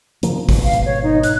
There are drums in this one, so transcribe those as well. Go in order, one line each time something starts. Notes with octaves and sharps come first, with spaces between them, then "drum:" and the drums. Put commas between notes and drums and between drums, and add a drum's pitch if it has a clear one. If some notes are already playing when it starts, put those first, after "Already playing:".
C#3 F3 A#3, drum: hi-hat
G#1 B2, drum: kick, open hi-hat
F5
drum: hi-hat
C#5
D#4
F#6, drum: hi-hat